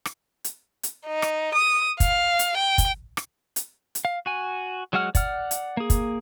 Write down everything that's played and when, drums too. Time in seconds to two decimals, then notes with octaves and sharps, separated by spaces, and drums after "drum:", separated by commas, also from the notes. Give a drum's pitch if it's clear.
0.05 drum: rim click
0.44 drum: hi-hat
0.83 drum: hi-hat
1.06 D#4
1.22 drum: rim click
1.54 D#6
2.00 F5, drum: kick, hi-hat
2.39 drum: hi-hat
2.57 G5
2.78 drum: kick, hi-hat
3.17 drum: rim click
3.56 drum: hi-hat
3.95 drum: hi-hat
4.05 F5
4.26 F#4 G#5
4.93 F#3 G#3 F#4 F#5 F6
5.15 D5 F#5 F6, drum: kick, hi-hat
5.51 drum: hi-hat
5.77 A#3 G#4
5.90 drum: kick, hi-hat